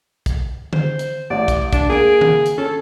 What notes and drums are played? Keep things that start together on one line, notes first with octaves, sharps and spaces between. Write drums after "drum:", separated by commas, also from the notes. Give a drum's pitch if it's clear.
drum: kick, hi-hat
C5, drum: tom D3
drum: hi-hat
A1 D5
drum: kick, hi-hat
D4, drum: kick, hi-hat
A#3 G#4 D7
drum: tom D#3
drum: hi-hat
C#4 A4